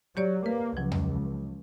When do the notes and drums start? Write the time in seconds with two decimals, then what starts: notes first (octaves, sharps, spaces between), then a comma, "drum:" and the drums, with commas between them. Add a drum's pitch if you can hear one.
0.17 F#3 G4 C#5 D5
0.46 A#3 B4
0.77 C#2 F3 F#3
0.92 drum: tom E2